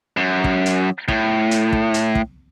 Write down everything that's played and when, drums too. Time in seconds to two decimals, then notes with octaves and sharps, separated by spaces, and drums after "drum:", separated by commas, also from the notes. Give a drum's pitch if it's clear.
0.17 F#2
0.44 drum: kick
0.66 drum: hi-hat
1.08 A2, drum: kick
1.51 drum: hi-hat
1.73 drum: kick
1.94 drum: hi-hat
2.15 drum: kick